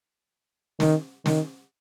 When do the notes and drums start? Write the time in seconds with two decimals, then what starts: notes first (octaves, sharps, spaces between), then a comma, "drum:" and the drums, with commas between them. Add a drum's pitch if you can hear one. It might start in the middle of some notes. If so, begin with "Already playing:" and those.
0.80 D#3, drum: snare
1.26 D#3, drum: snare